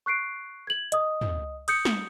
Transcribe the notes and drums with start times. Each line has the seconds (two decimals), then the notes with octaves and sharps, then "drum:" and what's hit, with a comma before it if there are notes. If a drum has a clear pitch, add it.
0.06 C#6 F#6 C7 D7
0.67 G#6 F#7
0.92 D#5 D#6, drum: hi-hat
1.21 drum: tom
1.68 D#6 G6 C#7, drum: cymbal
1.85 drum: snare